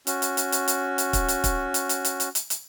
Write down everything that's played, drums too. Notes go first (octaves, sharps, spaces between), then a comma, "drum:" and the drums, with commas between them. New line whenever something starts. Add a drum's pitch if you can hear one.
C#4 F#4, drum: hi-hat
drum: hi-hat
drum: hi-hat
drum: hi-hat
drum: hi-hat
drum: hi-hat
drum: kick, hi-hat
drum: hi-hat
drum: kick, hi-hat
drum: hi-hat
drum: hi-hat
drum: hi-hat
drum: hi-hat
drum: hi-hat
drum: hi-hat